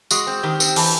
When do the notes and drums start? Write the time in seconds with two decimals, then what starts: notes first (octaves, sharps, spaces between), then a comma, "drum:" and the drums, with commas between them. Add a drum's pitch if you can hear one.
0.11 G#3 F#4, drum: tambourine
0.27 C4
0.43 D#3 G4
0.60 C4, drum: tambourine
0.76 E3 A4, drum: open hi-hat